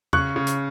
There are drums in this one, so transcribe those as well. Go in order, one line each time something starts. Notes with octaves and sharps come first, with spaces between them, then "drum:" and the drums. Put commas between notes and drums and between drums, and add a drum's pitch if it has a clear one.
C#3 C#6 F#6, drum: tom E2
C#3
drum: hi-hat